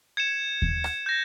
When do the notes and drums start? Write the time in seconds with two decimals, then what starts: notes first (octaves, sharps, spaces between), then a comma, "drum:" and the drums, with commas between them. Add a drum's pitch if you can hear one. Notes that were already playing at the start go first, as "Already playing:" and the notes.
0.17 G#6 C#7 E7
0.62 drum: kick D#2
0.84 drum: rim click
1.06 G6 A#6